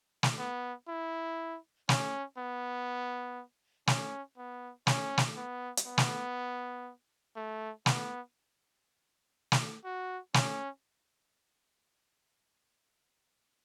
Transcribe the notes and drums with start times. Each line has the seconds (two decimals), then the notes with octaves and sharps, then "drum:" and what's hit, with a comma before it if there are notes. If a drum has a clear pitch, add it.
0.23 drum: snare
0.39 B3
0.88 E4
1.89 C#4, drum: snare
2.38 B3
3.87 C#4, drum: snare
4.38 B3
4.87 C#4, drum: snare
5.18 drum: snare
5.37 B3
5.77 drum: hi-hat
5.87 B3
5.98 drum: snare
7.36 A3
7.86 B3, drum: snare
9.52 drum: snare
9.85 F#4
10.34 C#4, drum: snare